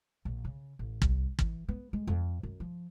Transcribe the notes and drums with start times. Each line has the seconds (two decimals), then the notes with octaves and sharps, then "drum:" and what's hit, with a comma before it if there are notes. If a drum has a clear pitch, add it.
0.25 A#1
0.45 C#3
0.79 A1
1.02 C2, drum: kick
1.39 E3, drum: kick
1.69 B3
1.93 G#3
2.07 F2
2.43 F#2
2.60 F3